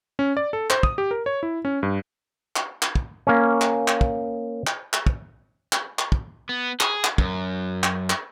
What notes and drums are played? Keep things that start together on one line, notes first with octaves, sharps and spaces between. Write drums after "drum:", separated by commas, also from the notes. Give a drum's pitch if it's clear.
C#4
D5
A4
C5, drum: clap
D#6, drum: kick
G4
A#4
C#5
E4
C#4
G2
drum: clap
drum: clap
drum: kick
A#3 C#4
drum: clap
drum: clap
drum: kick
drum: clap
drum: clap
drum: kick
drum: clap
drum: clap
drum: kick
B3
G#4, drum: clap
drum: clap
F#2, drum: kick
drum: clap
drum: clap